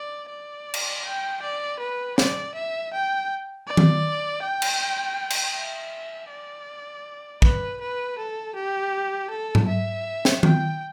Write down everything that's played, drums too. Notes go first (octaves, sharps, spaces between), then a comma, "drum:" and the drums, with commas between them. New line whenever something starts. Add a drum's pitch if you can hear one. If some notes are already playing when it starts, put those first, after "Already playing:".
Already playing: D5
D5
drum: cymbal
G5
D5
B4
D5, drum: snare
E5
G5
D5
drum: tom D#3
G5
drum: cymbal
drum: cymbal
E5
D5
B4, drum: kick
B4
A4
G4
A4
drum: tom G#2
E5
drum: snare
G5, drum: tom D#3